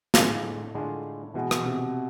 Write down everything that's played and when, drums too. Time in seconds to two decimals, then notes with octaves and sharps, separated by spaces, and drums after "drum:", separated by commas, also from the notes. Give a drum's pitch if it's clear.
0.14 A2 D3 G#3 D4 F4, drum: snare
0.75 D3 G#3 D4 F4
1.34 B2 E3 G#3 B3
1.51 drum: rim click
1.65 C3